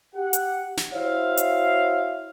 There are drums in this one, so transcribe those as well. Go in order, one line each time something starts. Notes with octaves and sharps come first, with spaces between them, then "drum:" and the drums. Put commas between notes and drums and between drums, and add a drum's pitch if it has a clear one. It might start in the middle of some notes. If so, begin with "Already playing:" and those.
G4 F#5
drum: hi-hat
drum: snare
E4 F#4 C5 C#5 E5 F5
drum: hi-hat